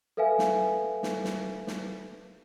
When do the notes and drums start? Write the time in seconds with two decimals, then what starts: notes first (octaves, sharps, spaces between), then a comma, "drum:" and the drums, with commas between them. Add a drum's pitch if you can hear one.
0.17 A4 B4 E5 F5 G#5
0.39 drum: snare
1.03 drum: snare
1.24 drum: snare
1.67 drum: snare